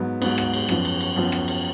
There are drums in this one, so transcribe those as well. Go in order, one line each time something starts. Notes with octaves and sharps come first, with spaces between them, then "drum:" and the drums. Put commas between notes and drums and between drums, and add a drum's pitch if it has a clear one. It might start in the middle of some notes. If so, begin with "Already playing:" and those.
Already playing: G#2 F#3 B3
G#2 F#3 B3, drum: cymbal
drum: rim click
drum: cymbal
F#2 F3 B3, drum: rim click
drum: cymbal
drum: cymbal
F#2 F3 B3
drum: rim click
drum: cymbal